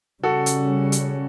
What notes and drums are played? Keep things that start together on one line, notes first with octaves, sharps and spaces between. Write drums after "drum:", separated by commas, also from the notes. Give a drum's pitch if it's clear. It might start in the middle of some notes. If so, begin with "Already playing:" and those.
C#3 G3 C#4 F#4 A4
drum: hi-hat
drum: hi-hat